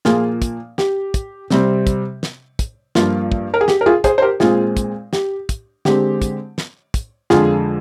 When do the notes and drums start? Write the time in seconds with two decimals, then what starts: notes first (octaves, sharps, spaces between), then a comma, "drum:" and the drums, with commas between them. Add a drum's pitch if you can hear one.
0.05 A#2 F3 A#3 F4 G#4, drum: snare
0.42 drum: kick, hi-hat
0.78 G4, drum: snare
1.14 drum: kick, hi-hat
1.50 C3 G3 C4, drum: snare
1.87 drum: kick, hi-hat
2.23 drum: snare
2.59 drum: kick, hi-hat
2.95 G2 F3 A#3 F4, drum: snare
3.32 drum: kick
3.54 A#4
3.61 G#4
3.68 G4, drum: snare
3.81 A#4
3.86 F4 G#4
4.04 G#4 C5, drum: kick, hi-hat
4.18 C5
4.22 G4 A#4
4.40 A#2 G#3 C4 F4 G#4, drum: snare
4.77 drum: kick, hi-hat
5.13 G4, drum: snare
5.49 drum: kick, hi-hat
5.85 D3 G#3 C4 G4, drum: snare
6.22 drum: kick, hi-hat
6.58 drum: snare
6.94 drum: kick, hi-hat
7.30 F2 D3 F3 G#3 F4 G#4, drum: snare